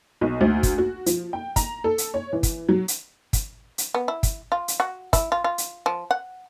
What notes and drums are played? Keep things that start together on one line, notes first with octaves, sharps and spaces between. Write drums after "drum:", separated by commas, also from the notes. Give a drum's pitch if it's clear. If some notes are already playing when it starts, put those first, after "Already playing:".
B1
D2
drum: kick, hi-hat
F#4
F3, drum: hi-hat
G5
A#5, drum: kick, hi-hat
A4
drum: hi-hat
C#5
E3
drum: kick, hi-hat
F#3
drum: hi-hat
drum: kick, hi-hat
drum: hi-hat
B3
E4
drum: kick, hi-hat
F4
drum: hi-hat
F#4
E4, drum: kick, hi-hat
F4
F4
drum: hi-hat
F3
F#5